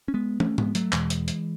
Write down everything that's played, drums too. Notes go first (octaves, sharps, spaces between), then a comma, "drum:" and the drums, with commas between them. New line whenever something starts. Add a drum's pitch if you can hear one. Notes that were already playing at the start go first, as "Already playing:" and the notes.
C#4
G#3 B3
A3 C#4, drum: tom
G#3 B3, drum: tom G#2
F#3 A3, drum: hi-hat
E2 B2 E3 G#3, drum: clap
drum: hi-hat
drum: hi-hat